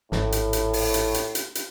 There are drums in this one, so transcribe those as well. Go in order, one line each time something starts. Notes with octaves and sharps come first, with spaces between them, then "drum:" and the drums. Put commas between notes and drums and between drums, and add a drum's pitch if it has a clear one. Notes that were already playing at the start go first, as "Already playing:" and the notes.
G#1 A2, drum: snare
drum: hi-hat
drum: hi-hat
drum: open hi-hat
drum: hi-hat
drum: hi-hat
drum: hi-hat
drum: hi-hat